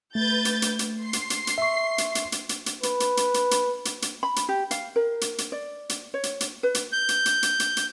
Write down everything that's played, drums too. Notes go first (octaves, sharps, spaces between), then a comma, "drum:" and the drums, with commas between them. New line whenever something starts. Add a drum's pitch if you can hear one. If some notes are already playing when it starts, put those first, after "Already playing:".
A3 B4 G6 A6
drum: hi-hat
drum: hi-hat
drum: hi-hat
C6 C7
drum: hi-hat
drum: hi-hat
drum: hi-hat
E5 C#6
drum: hi-hat
drum: hi-hat
drum: hi-hat
drum: hi-hat
drum: hi-hat
B4, drum: hi-hat
drum: hi-hat
drum: hi-hat
drum: hi-hat
drum: hi-hat
drum: hi-hat
drum: hi-hat
B5
drum: hi-hat
G4
F5, drum: hi-hat
A#4
drum: hi-hat
drum: hi-hat
D5
drum: hi-hat
C#5
drum: hi-hat
drum: hi-hat
B4
drum: hi-hat
G6
drum: hi-hat
drum: hi-hat
drum: hi-hat
drum: hi-hat
drum: hi-hat